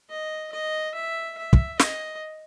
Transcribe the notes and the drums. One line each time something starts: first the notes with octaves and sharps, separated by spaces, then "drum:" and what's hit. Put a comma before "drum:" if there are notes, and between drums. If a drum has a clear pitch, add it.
D#5
D#5
E5
E5
drum: kick
D#5, drum: snare